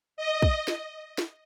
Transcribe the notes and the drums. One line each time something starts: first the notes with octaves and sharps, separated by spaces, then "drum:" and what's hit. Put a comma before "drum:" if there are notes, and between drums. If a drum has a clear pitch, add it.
D#5
drum: kick
drum: snare
drum: snare